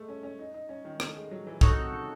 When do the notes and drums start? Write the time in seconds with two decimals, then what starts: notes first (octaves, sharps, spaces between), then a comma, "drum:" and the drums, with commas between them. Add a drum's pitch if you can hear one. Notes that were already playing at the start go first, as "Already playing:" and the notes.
Already playing: G#3 A3
0.09 C#4
0.23 C#4
0.39 D#4
0.54 D#4
0.69 C#4
0.85 D#3
1.00 A3, drum: rim click
1.16 G#3
1.31 F#3
1.47 E3
1.61 D#3 D#4 F#4 A4 C#5, drum: kick
1.77 C3
1.92 C#3